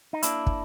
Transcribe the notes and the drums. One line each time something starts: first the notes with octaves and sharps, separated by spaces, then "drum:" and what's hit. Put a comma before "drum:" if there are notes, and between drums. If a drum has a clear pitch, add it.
D#4
A#3 D4 E4, drum: hi-hat
drum: kick